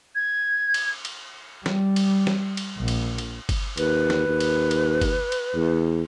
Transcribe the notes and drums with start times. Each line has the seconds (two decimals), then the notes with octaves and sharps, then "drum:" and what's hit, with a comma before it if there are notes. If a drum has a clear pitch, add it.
0.16 G#6
0.74 drum: cymbal
1.05 drum: cymbal
1.66 G3, drum: snare
1.96 drum: cymbal
2.27 drum: snare
2.57 drum: cymbal
2.79 A#1
2.88 drum: cymbal
3.18 drum: cymbal
3.49 drum: kick G1, cymbal
3.78 D#2 B4, drum: cymbal
4.10 drum: snare
4.27 D#2
4.40 drum: cymbal
4.71 drum: cymbal
5.01 drum: kick G1, cymbal
5.32 drum: cymbal
5.55 E2